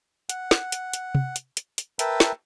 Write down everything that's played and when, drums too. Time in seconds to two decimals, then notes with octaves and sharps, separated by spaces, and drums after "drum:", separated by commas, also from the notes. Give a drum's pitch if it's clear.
0.29 F#5, drum: hi-hat
0.51 drum: snare
0.72 drum: hi-hat
0.93 drum: hi-hat
1.15 drum: tom
1.36 drum: hi-hat
1.57 drum: hi-hat
1.78 drum: hi-hat
1.99 A#4 B4 E5 G5 A5, drum: hi-hat
2.20 drum: snare